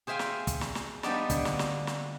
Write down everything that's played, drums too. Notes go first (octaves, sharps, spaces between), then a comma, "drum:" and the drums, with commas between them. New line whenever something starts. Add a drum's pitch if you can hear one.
G#4 C5 E5 F5 G5 G#5
drum: snare
drum: kick, hi-hat
drum: snare
drum: snare
F3 G3 B3 D4 D#4 D5, drum: snare
D3, drum: kick, hi-hat
drum: snare
drum: snare
drum: snare